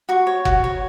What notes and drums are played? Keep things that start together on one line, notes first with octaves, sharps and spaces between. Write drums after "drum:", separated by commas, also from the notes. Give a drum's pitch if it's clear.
F#4 C#6
C#5
F#4, drum: kick F#1
C#5